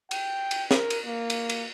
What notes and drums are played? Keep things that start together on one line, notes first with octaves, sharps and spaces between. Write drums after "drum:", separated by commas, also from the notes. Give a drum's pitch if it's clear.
G5, drum: cymbal
drum: cymbal
A#4, drum: snare
drum: cymbal
A#3
drum: cymbal
drum: cymbal